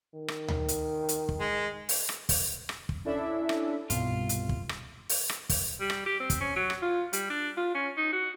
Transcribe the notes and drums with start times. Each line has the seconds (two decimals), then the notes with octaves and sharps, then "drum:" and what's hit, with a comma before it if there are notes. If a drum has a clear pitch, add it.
0.14 D#3
0.28 drum: rim click
0.48 drum: tom D2
0.68 drum: hi-hat
1.09 drum: hi-hat
1.29 drum: kick
1.40 G#3
1.89 drum: open hi-hat
2.09 drum: rim click
2.29 drum: kick, open hi-hat
2.69 drum: rim click
2.89 drum: kick
3.05 C#4 D4 E4 A4 D5 E5
3.49 drum: rim click
3.90 C2 G2 B2 B3 F4, drum: hi-hat
4.29 drum: hi-hat
4.49 drum: kick
4.69 drum: rim click
5.09 drum: open hi-hat
5.29 drum: rim click
5.50 drum: kick, open hi-hat
5.81 G3
5.90 drum: rim click
6.06 G4
6.20 C4
6.30 drum: kick, hi-hat
6.41 C#4
6.56 F#3
6.70 drum: rim click
6.82 F4
7.13 G3, drum: hi-hat
7.30 D4
7.57 F4
7.75 C#4
7.97 D#4
8.13 F#4